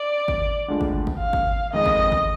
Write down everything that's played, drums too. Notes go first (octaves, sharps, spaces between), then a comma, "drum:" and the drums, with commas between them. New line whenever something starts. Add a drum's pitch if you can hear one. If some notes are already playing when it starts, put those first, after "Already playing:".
Already playing: D5
drum: kick G#1
D2 D3 G#3 D4 F4
drum: kick G#1
drum: kick G#1
F5
drum: kick G#1
F2 D#3 G#3 D#5
drum: kick G#1
drum: kick G#1